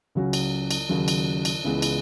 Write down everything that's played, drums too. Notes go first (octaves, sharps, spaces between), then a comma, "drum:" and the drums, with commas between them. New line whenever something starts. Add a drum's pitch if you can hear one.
C#2 C#3 F#3 C#4 F#4
drum: cymbal
drum: cymbal
D#2 C#3 F#3
drum: cymbal
drum: cymbal
C#2 C#3 E3 G#3 B3
drum: cymbal